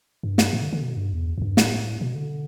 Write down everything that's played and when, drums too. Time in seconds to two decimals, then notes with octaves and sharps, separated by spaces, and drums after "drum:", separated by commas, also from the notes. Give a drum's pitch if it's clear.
0.23 G2
0.38 drum: snare
0.53 A2
0.62 D3
0.73 D3
0.83 B2
0.97 G2
1.13 E2
1.38 E2
1.42 G2
1.57 A2, drum: snare
2.01 B2
2.15 D3